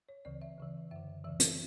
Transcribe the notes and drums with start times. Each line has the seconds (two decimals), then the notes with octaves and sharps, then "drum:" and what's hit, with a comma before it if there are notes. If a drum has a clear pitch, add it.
0.09 C#5
0.25 D2 C#3 E3 D5
0.42 E5
0.58 D2 C#3 E3
0.91 F#2 D3 E5
1.25 D2 C#3 E3 E5
1.40 drum: hi-hat